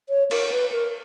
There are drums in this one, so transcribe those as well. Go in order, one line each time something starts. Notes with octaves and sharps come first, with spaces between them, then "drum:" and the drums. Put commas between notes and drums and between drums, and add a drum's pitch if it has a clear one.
C#5
A#4, drum: cymbal
B4
A#4